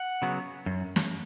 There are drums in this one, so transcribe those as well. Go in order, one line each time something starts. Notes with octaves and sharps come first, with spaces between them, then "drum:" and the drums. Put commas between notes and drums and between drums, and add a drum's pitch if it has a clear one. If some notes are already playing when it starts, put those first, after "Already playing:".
Already playing: F#5
C#3 F#3 B3
F#2
drum: snare